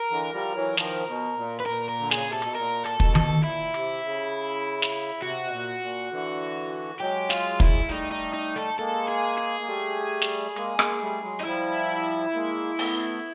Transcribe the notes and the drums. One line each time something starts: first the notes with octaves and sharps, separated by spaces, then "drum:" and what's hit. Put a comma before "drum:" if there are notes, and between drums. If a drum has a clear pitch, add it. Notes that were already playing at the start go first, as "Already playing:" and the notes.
Already playing: A#4
D3 E3
F3 G3
E3 F#3
D#3 F3, drum: snare
B2
A#2
B4
A#2 A#4
A#4
D3
C#3 G#4, drum: snare
C3
A4
B2, drum: hi-hat
A#2 A#4
A4, drum: hi-hat
B2, drum: kick
A4, drum: tom D#3
A#2 E4
C3, drum: hi-hat
C#3
drum: snare
C3 F#4
B2
A#2
A#2
D3 E3
F#3 G#3 G4
F4, drum: snare
E4, drum: kick
G3 A3 D#4
D#4
D#4
A4
G#3 A#3 A4
G#4
G#4
A#3
G3 A3
drum: snare
G#3 A#3, drum: hi-hat
G#3 A#3, drum: rim click
G3 A3
F#3 G#3
D#4
F3 G3 E4
G#3 A#3
A3 B3, drum: open hi-hat